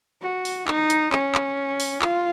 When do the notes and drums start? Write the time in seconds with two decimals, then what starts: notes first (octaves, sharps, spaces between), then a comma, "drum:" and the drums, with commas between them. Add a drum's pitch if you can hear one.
0.22 F#4
0.45 drum: open hi-hat
0.68 D#4, drum: clap
0.90 drum: hi-hat
1.13 C#4, drum: clap
1.35 drum: clap
1.80 drum: open hi-hat
2.02 F4, drum: clap